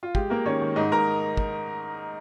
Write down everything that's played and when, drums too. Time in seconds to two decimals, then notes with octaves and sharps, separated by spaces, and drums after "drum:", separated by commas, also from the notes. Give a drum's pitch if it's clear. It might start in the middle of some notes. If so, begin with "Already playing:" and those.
0.03 F4
0.15 G#3 G4, drum: kick
0.30 G#3 A#3 A#4
0.45 D#3 C#4 C#5
0.61 D#3
0.76 G#2 D#4 D#5
0.92 G#2 A#4 A#5
1.37 drum: kick